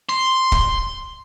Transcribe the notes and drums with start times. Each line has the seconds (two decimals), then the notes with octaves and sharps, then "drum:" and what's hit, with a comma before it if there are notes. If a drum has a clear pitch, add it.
0.09 C6
0.52 drum: kick D1